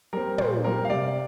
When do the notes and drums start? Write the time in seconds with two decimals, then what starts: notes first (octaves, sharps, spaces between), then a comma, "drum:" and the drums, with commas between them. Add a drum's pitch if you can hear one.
0.13 G3 C4 A#4
0.38 A#2 C5, drum: tom
0.64 G3 C4 A#4
0.85 F5
0.90 C3 D5